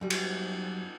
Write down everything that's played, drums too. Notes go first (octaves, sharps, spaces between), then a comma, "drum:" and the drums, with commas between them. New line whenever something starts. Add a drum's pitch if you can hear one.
F#2 G3
drum: cymbal